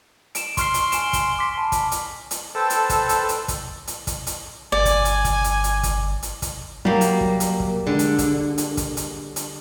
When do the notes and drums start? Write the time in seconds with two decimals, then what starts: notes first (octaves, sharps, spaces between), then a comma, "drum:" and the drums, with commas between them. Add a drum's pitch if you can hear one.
0.35 D7 E7, drum: hi-hat
0.57 C6 C#6 F6 C7, drum: kick, hi-hat
0.74 drum: hi-hat
0.92 G#5 D7 E7, drum: hi-hat
1.13 drum: kick, hi-hat
1.39 D6 B6
1.58 A5 B5
1.72 drum: kick, hi-hat
1.92 drum: hi-hat
2.31 drum: hi-hat
2.55 A4 B4 C5 G5
2.70 drum: hi-hat
2.89 drum: kick, hi-hat
3.09 drum: hi-hat
3.29 drum: hi-hat
3.48 drum: kick, hi-hat
3.87 drum: hi-hat
4.07 drum: kick, hi-hat
4.27 drum: hi-hat
4.72 G1 D5 G#5
4.85 drum: kick, hi-hat
5.05 drum: hi-hat
5.25 drum: kick, hi-hat
5.44 drum: hi-hat
5.64 drum: hi-hat
5.83 drum: kick, hi-hat
6.23 drum: hi-hat
6.42 drum: kick, hi-hat
6.85 F#3 G3 A#3
7.01 drum: hi-hat
7.20 drum: kick
7.40 drum: hi-hat
7.60 drum: kick
7.87 D3 G#3
7.99 drum: hi-hat
8.18 drum: kick, hi-hat
8.58 drum: hi-hat
8.77 drum: kick, hi-hat
8.97 drum: hi-hat
9.36 drum: hi-hat